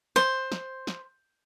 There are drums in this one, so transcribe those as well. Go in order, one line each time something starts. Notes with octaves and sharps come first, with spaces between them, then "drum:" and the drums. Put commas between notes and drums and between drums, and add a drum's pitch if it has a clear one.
C5, drum: snare
drum: snare
drum: snare